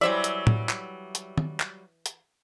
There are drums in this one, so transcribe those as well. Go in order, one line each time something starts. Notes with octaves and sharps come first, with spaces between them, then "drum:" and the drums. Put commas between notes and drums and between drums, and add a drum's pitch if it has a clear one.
E3 F#3 G3 C5 D5 E5
drum: hi-hat
drum: tom A2
drum: clap
drum: hi-hat
drum: tom
drum: clap
drum: hi-hat